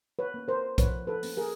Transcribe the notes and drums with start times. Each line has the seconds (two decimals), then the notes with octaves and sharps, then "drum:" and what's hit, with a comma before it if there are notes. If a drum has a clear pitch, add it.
0.19 B4 C#5
0.34 A#3 C#4
0.48 A#4 C5
0.78 F3 B4 C#5, drum: kick, hi-hat
1.07 A4 B4
1.23 A#3 C#4, drum: open hi-hat
1.37 G#4 A#4